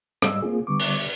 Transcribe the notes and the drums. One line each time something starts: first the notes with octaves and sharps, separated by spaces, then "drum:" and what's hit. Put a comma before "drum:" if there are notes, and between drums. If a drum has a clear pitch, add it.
G#2 G3 D#5 E6, drum: rim click
A#3 C4 F4 G#4
D3 G3 B3 C#6 D6
drum: open hi-hat